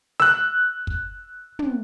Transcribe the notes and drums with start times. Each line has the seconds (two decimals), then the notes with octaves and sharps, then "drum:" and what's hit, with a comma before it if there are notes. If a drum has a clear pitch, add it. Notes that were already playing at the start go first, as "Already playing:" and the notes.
0.20 E6 F#6, drum: snare
0.87 drum: kick
1.59 drum: tom